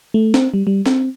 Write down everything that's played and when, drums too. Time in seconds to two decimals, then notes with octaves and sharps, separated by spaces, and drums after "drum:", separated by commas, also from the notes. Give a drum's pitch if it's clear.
0.14 A3
0.34 C4, drum: snare
0.54 G3
0.67 G3
0.86 C4, drum: snare